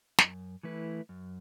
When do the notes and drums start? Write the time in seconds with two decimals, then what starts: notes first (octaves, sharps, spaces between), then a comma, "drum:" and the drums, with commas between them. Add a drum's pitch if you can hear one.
0.19 F#2, drum: snare
0.63 E3 A3 E4 B4
1.09 F#2